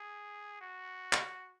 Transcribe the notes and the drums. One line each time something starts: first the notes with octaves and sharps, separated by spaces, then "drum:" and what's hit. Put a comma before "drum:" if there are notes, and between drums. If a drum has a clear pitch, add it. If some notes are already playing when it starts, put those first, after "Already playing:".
Already playing: G#4
F#4
drum: clap